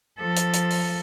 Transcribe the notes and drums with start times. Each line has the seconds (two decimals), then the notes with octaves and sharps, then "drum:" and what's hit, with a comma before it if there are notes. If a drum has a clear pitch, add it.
0.20 F3 A4
0.37 drum: hi-hat
0.54 drum: hi-hat
0.71 drum: open hi-hat